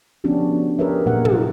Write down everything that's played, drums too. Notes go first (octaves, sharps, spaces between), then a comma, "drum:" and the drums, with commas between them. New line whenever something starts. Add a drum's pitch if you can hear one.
F3 B3 C#4 D4 F#4 G4
G4 G#4 A#4 B4 C#5 E5
A#2 F#3 A#3 A#4 F#5
C3, drum: tom